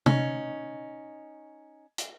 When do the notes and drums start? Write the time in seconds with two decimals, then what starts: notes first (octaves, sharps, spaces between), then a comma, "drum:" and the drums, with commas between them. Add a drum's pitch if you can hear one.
0.06 C#4 D#4, drum: tom C3
1.98 drum: hi-hat